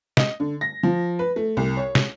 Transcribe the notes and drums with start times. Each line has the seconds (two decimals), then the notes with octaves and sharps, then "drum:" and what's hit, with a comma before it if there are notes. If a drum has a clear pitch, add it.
0.17 D#5, drum: snare
0.40 D3
0.61 A#6
0.83 F3
1.19 B4
1.36 A3
1.57 C2
1.77 C#5
1.95 drum: snare